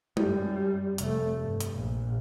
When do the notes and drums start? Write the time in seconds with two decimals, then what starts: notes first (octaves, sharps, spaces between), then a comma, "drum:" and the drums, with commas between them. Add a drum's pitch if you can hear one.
0.17 F#2 G3, drum: tom G#3
0.98 F1 A3, drum: hi-hat
1.39 G2
1.61 drum: hi-hat
1.75 A#1